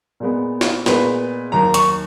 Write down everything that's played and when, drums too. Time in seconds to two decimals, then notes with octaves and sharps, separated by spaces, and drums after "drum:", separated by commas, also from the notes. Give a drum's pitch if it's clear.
0.20 A#2 G#3 B3
0.61 drum: snare
0.86 A#2 G#3 B3 B4, drum: snare
1.52 D#2 D#3 F#3 A#5
1.74 C#6, drum: hi-hat